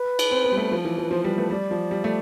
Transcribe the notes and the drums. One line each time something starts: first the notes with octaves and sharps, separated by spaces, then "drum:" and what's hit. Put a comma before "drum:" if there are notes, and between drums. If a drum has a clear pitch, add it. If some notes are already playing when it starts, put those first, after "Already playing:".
Already playing: B4
drum: cymbal
C4
B3
G3
A3
F3
E3
F3 B4
F3 C5
G3 B4
A3 B4
G3 D5
F3
G3
A3